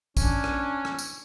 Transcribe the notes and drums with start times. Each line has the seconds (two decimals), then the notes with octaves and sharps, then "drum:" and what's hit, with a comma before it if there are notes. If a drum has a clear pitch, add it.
0.17 C#4 D4, drum: kick, tambourine
0.44 drum: rim click
0.85 drum: rim click
0.99 drum: tambourine